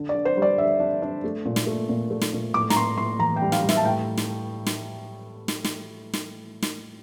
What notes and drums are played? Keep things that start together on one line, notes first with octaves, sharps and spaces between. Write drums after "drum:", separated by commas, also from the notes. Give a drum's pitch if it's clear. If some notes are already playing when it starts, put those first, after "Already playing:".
Already playing: D3
D5
D3
C5
G3
D5
D3 E5
D4
D4
A3
A#2
drum: snare
A3
A#2
A3
drum: snare
A#2
A2 D6
A#5, drum: snare
A2 C6
A2 C6
E3 A#5
G5
G3
F5, drum: snare
G3
E5, drum: snare
A5
A2 G5
drum: snare
drum: snare
drum: snare
drum: snare
drum: snare
drum: snare